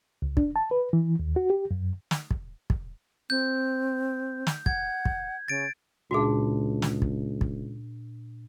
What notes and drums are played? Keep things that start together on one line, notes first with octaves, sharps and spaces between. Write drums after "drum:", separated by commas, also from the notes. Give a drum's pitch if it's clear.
C#2
D4, drum: kick
A5
B4
E3
D#2
F#4
G4
F#2
drum: snare
drum: kick
drum: kick
C4 G6
drum: snare
F#5 G#6, drum: kick
drum: kick
C#3 A6 D7
C#2 A#2 D4 F#4 G#4 A5
drum: snare
drum: kick
drum: kick